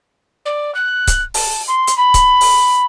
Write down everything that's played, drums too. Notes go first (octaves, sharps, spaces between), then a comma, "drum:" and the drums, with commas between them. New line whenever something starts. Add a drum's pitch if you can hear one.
D5
F#6
drum: kick C#1, hi-hat
A5, drum: open hi-hat
C6
drum: hi-hat
B5
drum: kick C#1, hi-hat
drum: open hi-hat